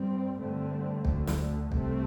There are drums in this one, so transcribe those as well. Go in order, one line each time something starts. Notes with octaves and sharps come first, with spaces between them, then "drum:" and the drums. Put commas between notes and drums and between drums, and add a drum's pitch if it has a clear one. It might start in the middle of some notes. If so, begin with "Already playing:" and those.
Already playing: G2 G3 C4
G2 D3 A3 C4
D2 D3 A3, drum: kick
drum: snare
C2 C3 A3 C4, drum: kick